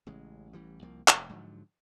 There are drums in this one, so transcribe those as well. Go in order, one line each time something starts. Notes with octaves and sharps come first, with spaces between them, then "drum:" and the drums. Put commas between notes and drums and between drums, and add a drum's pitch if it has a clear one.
A1 C#3 G#3
A1 E3 G3
C2 F3 A#3
F1, drum: clap
G#2 D3 F3 F#3